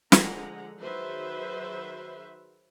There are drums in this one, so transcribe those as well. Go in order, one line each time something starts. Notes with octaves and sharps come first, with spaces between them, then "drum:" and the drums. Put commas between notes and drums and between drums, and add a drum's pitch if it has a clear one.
D3 F3 G#3 F#5 A#5, drum: snare
D#3 F#3 G#4 B4 C5 E5